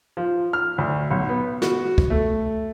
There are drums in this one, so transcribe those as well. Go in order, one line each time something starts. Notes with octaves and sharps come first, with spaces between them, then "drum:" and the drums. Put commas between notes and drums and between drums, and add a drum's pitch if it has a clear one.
F3
F6
D2
B1
B3
F#4, drum: snare
drum: kick C#2
A3